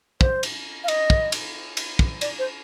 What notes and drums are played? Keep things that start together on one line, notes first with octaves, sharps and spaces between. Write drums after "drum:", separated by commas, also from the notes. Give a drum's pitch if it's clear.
C5, drum: kick
drum: cymbal
F5
D#5, drum: cymbal
drum: kick
drum: cymbal
drum: cymbal
drum: kick
D5, drum: cymbal
C5